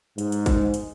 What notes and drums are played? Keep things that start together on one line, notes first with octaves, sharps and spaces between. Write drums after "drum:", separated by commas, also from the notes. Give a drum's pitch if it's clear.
G#2, drum: hi-hat
drum: hi-hat
drum: kick, hi-hat
drum: hi-hat